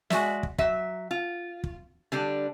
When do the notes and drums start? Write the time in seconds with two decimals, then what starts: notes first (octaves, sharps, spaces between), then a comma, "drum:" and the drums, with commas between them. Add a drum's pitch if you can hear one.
0.10 G#3 F#4 D5 E5, drum: snare
0.43 drum: kick
0.58 F#3 E5, drum: kick
1.11 F4
1.64 drum: kick
2.12 D3 G3 D4